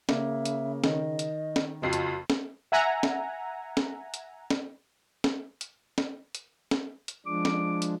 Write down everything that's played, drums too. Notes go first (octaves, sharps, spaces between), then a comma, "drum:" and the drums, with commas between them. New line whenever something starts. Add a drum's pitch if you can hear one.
C#3 A#3 E5, drum: snare C#4
drum: hi-hat
D#3 D#5, drum: snare C#4
drum: hi-hat
drum: snare C#4
F#1 F2 F4 F#4 C7
drum: hi-hat
drum: snare C#4
E5 F#5 G#5 A#5
drum: snare C#4
drum: snare C#4
drum: hi-hat
drum: snare C#4
drum: snare C#4
drum: hi-hat
drum: snare C#4
drum: hi-hat
drum: snare C#4
drum: hi-hat
F3 G#3 D4 D6
drum: snare C#4
drum: hi-hat